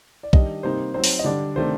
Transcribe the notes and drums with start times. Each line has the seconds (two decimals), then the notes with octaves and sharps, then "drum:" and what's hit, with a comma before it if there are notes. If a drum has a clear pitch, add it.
0.23 D5
0.33 D#3 G3 D4 D#5, drum: kick
0.63 C3 G3 A#3 D#4 C5
0.94 F#3 C4 D#4 C5
1.04 drum: open hi-hat
1.19 D#5
1.24 D3 G3 D4 D5
1.56 C3 D#3 A3 D4 C5